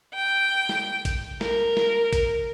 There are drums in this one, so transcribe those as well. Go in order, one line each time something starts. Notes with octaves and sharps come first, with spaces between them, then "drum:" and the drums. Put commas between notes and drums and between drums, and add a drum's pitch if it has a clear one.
G5
drum: snare
drum: kick A1, hi-hat
A#4, drum: snare
drum: snare
drum: kick A1, hi-hat